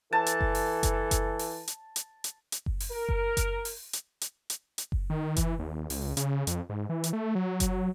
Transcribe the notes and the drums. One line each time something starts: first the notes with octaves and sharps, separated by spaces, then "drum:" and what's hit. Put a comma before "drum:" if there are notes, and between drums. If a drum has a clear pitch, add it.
E3 A4 A5
drum: hi-hat
drum: kick F#1
drum: open hi-hat
drum: kick F#1, hi-hat
drum: kick F#1, hi-hat
drum: open hi-hat
drum: hi-hat
drum: hi-hat
drum: hi-hat
drum: hi-hat
drum: kick F#1
drum: open hi-hat
A#4
drum: kick F#1
drum: kick F#1, hi-hat
drum: open hi-hat
drum: hi-hat
drum: hi-hat
drum: hi-hat
drum: hi-hat
drum: kick F#1
D#3
E3, drum: kick F#1, hi-hat
D#2
C#2, drum: open hi-hat
C#3, drum: hi-hat
F2, drum: hi-hat
G#2
E3
drum: hi-hat
A3
F#3
drum: kick F#1, hi-hat